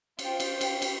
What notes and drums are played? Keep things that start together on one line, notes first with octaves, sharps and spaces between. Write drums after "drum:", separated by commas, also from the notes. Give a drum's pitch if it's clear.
F4 C5 G5, drum: cymbal
drum: cymbal
drum: cymbal
drum: cymbal